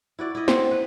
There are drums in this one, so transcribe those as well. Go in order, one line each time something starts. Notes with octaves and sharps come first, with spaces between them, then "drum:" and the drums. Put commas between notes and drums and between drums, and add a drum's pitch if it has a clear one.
E4 F#4 D5
E4 D#5
B3 C4 C5, drum: snare
B4